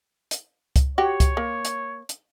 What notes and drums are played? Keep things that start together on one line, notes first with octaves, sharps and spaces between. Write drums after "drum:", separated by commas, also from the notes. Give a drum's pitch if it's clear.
drum: hi-hat
drum: kick C#2, hi-hat
F#4 G4 C#5
drum: kick C#2, hi-hat
A#3
drum: hi-hat
drum: hi-hat